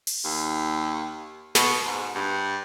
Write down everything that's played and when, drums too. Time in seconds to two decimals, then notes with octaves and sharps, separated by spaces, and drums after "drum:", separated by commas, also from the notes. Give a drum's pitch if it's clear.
0.07 drum: open hi-hat
0.25 D#2
1.55 B2, drum: snare
1.86 G#2
2.15 G2